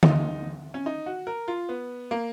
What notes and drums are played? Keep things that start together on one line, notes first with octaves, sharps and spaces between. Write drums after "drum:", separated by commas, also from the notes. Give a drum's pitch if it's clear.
D#4, drum: tom D3
C#4
D#4
F#4
A#4
F4
B3
A#3